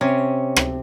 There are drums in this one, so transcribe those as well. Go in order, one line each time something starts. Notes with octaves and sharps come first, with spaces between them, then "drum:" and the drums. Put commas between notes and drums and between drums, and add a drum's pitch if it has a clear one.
C3 C#4
drum: rim click